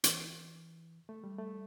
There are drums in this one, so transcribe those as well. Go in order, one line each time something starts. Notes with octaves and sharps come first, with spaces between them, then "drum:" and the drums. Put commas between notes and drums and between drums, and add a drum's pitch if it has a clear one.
E3, drum: hi-hat
A3
G3
A3